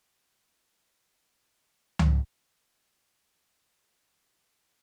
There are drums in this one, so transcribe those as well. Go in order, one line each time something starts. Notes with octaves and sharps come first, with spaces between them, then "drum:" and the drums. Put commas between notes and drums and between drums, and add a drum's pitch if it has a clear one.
A#2 G3
drum: tom C#2
A#3 C4 D5 G5